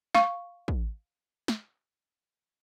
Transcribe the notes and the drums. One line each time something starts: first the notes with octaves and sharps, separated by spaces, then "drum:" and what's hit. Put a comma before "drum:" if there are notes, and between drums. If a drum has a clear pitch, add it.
F5 C#6, drum: snare
drum: kick
drum: snare